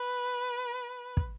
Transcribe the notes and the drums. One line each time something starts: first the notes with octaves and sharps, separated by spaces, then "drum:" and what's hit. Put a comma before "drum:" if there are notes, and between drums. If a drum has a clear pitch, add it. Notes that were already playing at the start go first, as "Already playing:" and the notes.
Already playing: B4
drum: kick